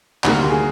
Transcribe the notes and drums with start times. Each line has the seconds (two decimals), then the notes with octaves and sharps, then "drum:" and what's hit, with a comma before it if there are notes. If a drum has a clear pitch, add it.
0.24 D2 C3 D#3 G3 A#3 F#4, drum: clap
0.49 G#4